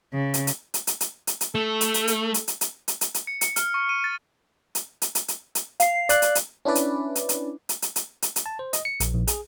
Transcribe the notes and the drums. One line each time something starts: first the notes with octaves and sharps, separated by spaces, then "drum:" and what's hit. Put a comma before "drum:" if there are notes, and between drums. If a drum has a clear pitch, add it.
C#3
drum: hi-hat
drum: hi-hat
drum: hi-hat
drum: hi-hat
drum: hi-hat
drum: hi-hat
drum: hi-hat
A3 A4
drum: hi-hat
drum: hi-hat
drum: hi-hat
drum: hi-hat
drum: hi-hat
drum: hi-hat
drum: hi-hat
drum: hi-hat
drum: hi-hat
C#7
C#7, drum: hi-hat
F6, drum: hi-hat
C#6
D#7
A6
drum: hi-hat
drum: hi-hat
drum: hi-hat
drum: hi-hat
drum: hi-hat
F5 C7, drum: hi-hat
D5 F#6, drum: hi-hat
drum: hi-hat
drum: hi-hat
C#4 D4 E4 B4 D5
drum: hi-hat
drum: hi-hat
drum: hi-hat
drum: hi-hat
drum: hi-hat
drum: hi-hat
drum: hi-hat
drum: hi-hat
A5
C5
D#5, drum: hi-hat
C#7
A#1, drum: hi-hat
A#1
G#4, drum: hi-hat